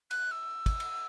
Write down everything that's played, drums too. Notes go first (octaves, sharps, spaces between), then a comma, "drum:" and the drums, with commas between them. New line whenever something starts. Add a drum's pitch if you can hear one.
F#6, drum: cymbal
E6
drum: kick, cymbal
drum: cymbal